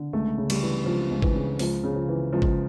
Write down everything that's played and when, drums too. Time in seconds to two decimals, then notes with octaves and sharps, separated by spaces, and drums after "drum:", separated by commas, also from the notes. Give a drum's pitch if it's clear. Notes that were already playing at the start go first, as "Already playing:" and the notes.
Already playing: D3
0.13 C#2 A3
0.37 C#3
0.50 G3, drum: cymbal
0.62 E3
0.86 C#2 F3
1.11 C#2
1.22 E3, drum: kick
1.35 C#3
1.59 C#2 F3, drum: open hi-hat
1.84 C#3
1.96 F3
2.09 E3
2.33 C#2 F3
2.42 drum: kick